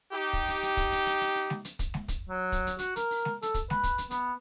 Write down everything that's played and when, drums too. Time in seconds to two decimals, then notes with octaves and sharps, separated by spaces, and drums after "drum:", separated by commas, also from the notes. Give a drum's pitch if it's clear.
0.13 D#4 G4
0.33 drum: kick
0.48 drum: hi-hat
0.62 drum: hi-hat
0.77 drum: kick, hi-hat
0.92 drum: hi-hat
1.06 drum: hi-hat
1.21 drum: hi-hat
1.35 drum: open hi-hat
1.50 drum: snare G#3
1.65 drum: hi-hat
1.79 drum: kick, hi-hat
1.94 drum: snare G#3
2.08 drum: kick, hi-hat
2.29 F#3
2.52 drum: kick, hi-hat
2.67 drum: hi-hat
2.79 F#4, drum: hi-hat
2.96 A#4, drum: hi-hat
3.11 drum: open hi-hat
3.25 drum: snare G#3
3.42 A4, drum: hi-hat
3.54 drum: kick, hi-hat
3.70 B4, drum: snare G#3
3.84 drum: kick, hi-hat
3.98 drum: hi-hat
4.11 B3, drum: hi-hat